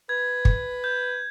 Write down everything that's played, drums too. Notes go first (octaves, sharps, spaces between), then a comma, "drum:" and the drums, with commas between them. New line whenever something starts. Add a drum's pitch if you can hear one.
B4 G#6
drum: kick
G6